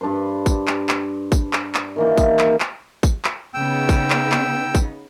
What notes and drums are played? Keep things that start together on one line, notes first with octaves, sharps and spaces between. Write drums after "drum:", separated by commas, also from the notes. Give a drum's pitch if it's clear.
G2 D4 B4 C5
drum: kick, tambourine
drum: clap
drum: clap
drum: kick, tambourine
drum: clap
drum: clap
D#3 E3 A#3
drum: kick, tambourine
drum: clap
drum: clap
drum: kick, tambourine
drum: clap
C#3 B3 D#4 G5 E6
drum: kick, tambourine
drum: clap
drum: clap
drum: kick, tambourine